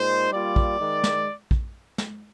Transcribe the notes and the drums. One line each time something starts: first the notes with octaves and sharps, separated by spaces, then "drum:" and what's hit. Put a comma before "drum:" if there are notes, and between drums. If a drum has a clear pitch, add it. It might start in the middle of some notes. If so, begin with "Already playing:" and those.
Already playing: A#2 G#3 D#4 C5
G3 A#3 F4 D5
drum: kick
D#3 G#3 D#4
drum: snare
drum: kick
drum: snare